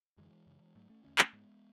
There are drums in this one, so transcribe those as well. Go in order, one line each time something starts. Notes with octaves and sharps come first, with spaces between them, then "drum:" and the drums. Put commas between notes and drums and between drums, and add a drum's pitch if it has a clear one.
F#2 D3 E3 G#3
F#2 C#3
G#2 F#3 A3
A3 C#4
E2 D3 A3 C#4
A3 C#4, drum: clap
G#2 G#3 B3